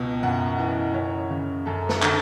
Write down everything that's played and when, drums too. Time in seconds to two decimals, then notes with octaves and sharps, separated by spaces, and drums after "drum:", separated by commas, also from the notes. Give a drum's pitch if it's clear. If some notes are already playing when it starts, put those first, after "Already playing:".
Already playing: C#2 B2
0.23 F#2 F#5
0.59 E3
0.94 F#2 C#5
1.30 C#3
1.66 F#2 A4
1.89 A4, drum: snare
2.02 D3, drum: clap